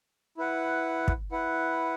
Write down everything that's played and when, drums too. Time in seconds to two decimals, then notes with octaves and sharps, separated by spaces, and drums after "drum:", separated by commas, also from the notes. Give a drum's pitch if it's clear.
0.37 E4 B4 F#5
1.08 drum: kick
1.32 E4 B4 F#5